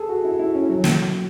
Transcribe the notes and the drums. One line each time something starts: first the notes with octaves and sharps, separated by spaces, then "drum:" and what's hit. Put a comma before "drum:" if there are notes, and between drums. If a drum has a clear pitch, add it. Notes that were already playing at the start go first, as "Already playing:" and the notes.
Already playing: G#4 A4
F#4
E4
E4
C#4
F#3
drum: snare